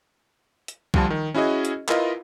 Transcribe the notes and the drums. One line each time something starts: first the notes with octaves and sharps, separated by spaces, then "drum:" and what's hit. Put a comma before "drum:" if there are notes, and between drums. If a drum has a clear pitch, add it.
drum: hi-hat
D2 F3 G3 F4 A5, drum: kick B1
D#3
C#4 E4 F#4 G#4 D#5
drum: hi-hat
E4 F4 A#4 B4 D#5 F5, drum: clap